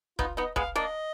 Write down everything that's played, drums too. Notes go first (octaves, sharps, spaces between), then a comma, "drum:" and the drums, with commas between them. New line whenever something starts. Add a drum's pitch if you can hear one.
B3 D#4 F4, drum: kick
B3 D#4 D#5
G#3 B3 F5, drum: kick
A#3 D4 D#5